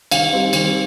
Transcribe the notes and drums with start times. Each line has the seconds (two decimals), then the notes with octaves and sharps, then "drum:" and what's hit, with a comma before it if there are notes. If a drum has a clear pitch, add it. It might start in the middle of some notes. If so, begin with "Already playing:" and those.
0.11 D#3 F5, drum: cymbal
0.32 G3 C4 D#4
0.53 D#3, drum: cymbal